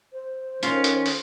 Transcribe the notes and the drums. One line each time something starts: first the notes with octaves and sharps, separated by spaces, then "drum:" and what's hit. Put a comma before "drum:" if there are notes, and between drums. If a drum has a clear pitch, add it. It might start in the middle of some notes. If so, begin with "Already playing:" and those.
C5
D#3 C#4 F4 F5, drum: hi-hat
drum: hi-hat
drum: open hi-hat